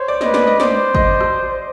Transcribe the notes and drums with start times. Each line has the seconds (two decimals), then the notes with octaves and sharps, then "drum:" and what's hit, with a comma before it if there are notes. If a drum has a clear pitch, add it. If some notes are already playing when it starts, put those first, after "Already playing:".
Already playing: C5 C#5
0.08 D5
0.21 B4 D#5, drum: snare
0.34 D5, drum: snare
0.47 D#5
0.60 C5 D5, drum: snare
0.95 D#5, drum: kick G#1
1.21 drum: rim click